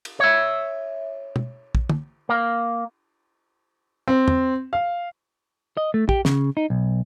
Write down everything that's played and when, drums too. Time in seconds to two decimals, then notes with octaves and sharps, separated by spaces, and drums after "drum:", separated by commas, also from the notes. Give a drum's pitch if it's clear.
0.05 drum: cymbal
0.20 C#5 E5
1.36 drum: tom
1.75 drum: kick
1.89 drum: tom
2.29 A#3
4.08 C4
4.28 drum: tom
4.73 F5
5.77 D#5
5.94 A3
6.09 G4, drum: kick
6.25 C#3, drum: snare
6.57 D#4
6.70 B1